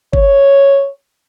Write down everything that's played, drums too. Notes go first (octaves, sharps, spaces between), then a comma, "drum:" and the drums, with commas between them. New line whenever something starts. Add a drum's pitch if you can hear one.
C#5, drum: kick G1